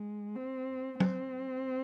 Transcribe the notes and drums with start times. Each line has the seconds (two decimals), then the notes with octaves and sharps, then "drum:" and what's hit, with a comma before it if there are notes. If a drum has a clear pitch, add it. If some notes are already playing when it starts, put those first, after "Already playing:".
Already playing: G#3
0.36 C4
1.00 C4, drum: tom